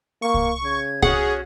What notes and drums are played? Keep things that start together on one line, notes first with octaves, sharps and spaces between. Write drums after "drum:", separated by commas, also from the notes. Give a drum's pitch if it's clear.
A#3 C#6
drum: kick C2
C#3 G#6
C#4 F#4 G#4 C#5 F#5, drum: kick C2